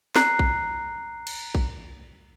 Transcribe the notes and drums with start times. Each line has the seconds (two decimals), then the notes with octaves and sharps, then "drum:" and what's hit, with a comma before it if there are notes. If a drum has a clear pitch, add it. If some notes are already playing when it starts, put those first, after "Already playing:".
0.16 A#5 F#6 C7, drum: snare
0.39 drum: kick
1.27 drum: cymbal
1.55 drum: kick